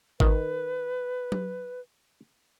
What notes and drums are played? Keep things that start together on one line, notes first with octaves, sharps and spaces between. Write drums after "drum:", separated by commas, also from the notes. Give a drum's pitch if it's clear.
D#3 B4, drum: kick G#1
drum: tom F#3